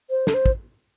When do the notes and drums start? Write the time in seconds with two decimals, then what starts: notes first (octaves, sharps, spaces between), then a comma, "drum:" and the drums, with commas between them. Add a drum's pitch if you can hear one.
0.10 C5
0.27 A4, drum: snare
0.34 C5
0.46 drum: kick